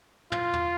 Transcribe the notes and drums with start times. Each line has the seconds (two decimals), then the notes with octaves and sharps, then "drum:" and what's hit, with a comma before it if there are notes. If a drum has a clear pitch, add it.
0.32 F4, drum: tom
0.53 drum: tom